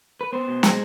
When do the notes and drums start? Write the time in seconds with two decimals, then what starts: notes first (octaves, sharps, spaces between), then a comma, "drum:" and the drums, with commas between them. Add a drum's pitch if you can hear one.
0.21 B4
0.33 B3 C5
0.48 B2
0.63 G#3, drum: snare